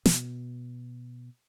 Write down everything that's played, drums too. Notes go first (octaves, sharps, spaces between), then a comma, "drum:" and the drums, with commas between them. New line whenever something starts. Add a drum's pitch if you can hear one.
B2, drum: snare